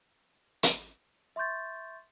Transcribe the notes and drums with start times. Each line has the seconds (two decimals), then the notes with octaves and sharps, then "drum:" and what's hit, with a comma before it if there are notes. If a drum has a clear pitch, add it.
0.63 drum: hi-hat
1.36 E5 C6 C#6 G6 A6